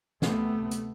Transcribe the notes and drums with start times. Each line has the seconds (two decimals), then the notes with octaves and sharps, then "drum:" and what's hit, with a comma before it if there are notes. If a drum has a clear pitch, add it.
0.22 D2 C3 A3 B3, drum: snare
0.71 drum: hi-hat